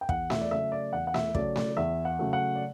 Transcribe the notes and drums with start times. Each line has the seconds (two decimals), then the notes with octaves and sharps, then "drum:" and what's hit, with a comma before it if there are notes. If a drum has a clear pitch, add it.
0.01 G5
0.09 E2 F#5, drum: kick
0.30 E5, drum: snare A3
0.41 D5
0.51 C#3 F#3 A3 E5
0.72 D5
0.93 E2 F#5
1.07 F#5
1.14 E5, drum: snare A3
1.35 C#3 F#3 A3 D5, drum: kick
1.56 D5, drum: snare A3
1.77 E2 E5
2.05 F#5
2.19 C#3 F#3 A3
2.33 F#5
2.56 D5